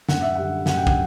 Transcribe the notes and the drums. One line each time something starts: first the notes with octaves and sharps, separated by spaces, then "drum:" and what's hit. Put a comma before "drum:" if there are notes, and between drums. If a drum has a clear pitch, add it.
F#2 F#5, drum: snare
E5
D3 G3 F#5
F#2 F#5, drum: snare
G5
F#5, drum: kick